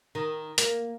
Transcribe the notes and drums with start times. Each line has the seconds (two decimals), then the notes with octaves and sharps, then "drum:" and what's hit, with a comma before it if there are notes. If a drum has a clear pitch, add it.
0.15 D#3
0.58 A#3, drum: hi-hat